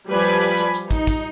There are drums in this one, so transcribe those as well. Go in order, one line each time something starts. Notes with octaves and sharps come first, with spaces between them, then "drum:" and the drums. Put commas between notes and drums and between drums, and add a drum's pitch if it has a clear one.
F3 G3 B4 D5 G#5 B5
drum: hi-hat
drum: open hi-hat
drum: hi-hat
drum: hi-hat
D#4, drum: kick, hi-hat
drum: kick, hi-hat